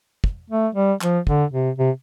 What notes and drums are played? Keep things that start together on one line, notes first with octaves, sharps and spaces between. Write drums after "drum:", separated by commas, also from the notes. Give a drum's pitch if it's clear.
drum: kick
A3
G3
F3, drum: clap
D3, drum: kick
C3
C3